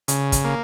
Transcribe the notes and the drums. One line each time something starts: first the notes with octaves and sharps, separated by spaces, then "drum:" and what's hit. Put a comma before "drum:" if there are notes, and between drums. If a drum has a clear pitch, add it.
C#3, drum: hi-hat
drum: kick, hi-hat
A#3